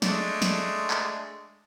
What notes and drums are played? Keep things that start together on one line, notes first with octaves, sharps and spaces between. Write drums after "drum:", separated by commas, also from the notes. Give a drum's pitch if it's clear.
G#3 A3 D4, drum: snare
drum: snare
drum: clap